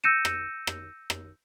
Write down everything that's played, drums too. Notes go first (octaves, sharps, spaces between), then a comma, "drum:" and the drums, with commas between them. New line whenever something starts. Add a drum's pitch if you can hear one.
E6 G6 A#6 C#7 D#7 E7
drum: rim click
drum: rim click
drum: rim click